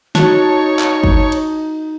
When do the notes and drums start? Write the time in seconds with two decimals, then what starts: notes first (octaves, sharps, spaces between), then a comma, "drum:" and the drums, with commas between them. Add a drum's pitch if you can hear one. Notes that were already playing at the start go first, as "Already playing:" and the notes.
0.15 D#4 F#4 C#5 A5, drum: snare
0.79 drum: clap
1.03 drum: kick G1
1.32 drum: cymbal